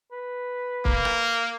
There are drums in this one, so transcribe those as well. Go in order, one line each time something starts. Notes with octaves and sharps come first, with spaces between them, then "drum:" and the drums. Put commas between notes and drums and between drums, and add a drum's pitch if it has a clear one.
B4
A#3, drum: kick C#1
drum: rim click